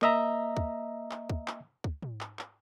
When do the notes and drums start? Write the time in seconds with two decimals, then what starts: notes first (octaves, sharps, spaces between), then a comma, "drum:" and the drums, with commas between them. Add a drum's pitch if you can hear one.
0.02 A#3 D#5 E5 A#5, drum: clap
0.57 drum: kick
1.11 drum: clap
1.30 drum: kick
1.48 drum: clap
1.84 drum: kick
2.02 drum: tom
2.21 drum: clap
2.39 drum: clap